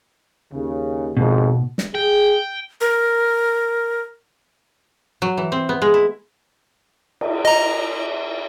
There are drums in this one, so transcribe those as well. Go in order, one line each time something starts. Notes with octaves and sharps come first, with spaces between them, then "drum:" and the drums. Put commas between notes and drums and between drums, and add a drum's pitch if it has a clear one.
D#2 C#3
G#1 F2 B2 G#3
drum: snare
G#4 G5
A#4
F#3
E3
C4
B3
G#3
E4
drum: cymbal
D#5 A#5